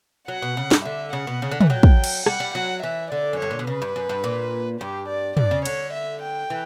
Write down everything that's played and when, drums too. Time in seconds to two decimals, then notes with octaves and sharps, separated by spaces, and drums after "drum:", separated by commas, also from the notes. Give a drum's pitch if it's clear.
0.28 F#3 F#5
0.42 B2
0.57 C#3
0.71 G2, drum: snare
0.85 D3 E5
1.13 C#3 F#5
1.27 B2
1.42 C#3
1.52 D3
1.61 E3, drum: tom
1.70 F#3 G5
1.83 drum: kick
2.04 drum: cymbal
2.26 G3 F#5, drum: rim click
2.40 G3
2.54 F#3 F#5
2.83 E3 E5
3.11 D3 D5
3.33 F#2
3.40 G2 C#5
3.51 A#2
3.59 B2
3.67 C#3 B4
3.82 G2
3.96 F#2
4.09 G2
4.24 A#2
4.80 G2 G4
5.09 D5
5.37 G2 D5, drum: tom
5.51 C#3
5.65 D3 C#5, drum: cymbal
5.94 E5
6.22 G5
6.50 E3